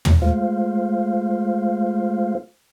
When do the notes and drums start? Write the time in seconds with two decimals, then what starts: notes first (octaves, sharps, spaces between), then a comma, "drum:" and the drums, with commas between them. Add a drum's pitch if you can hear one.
0.05 drum: tom
0.22 G#3 A3 F4 C5 F5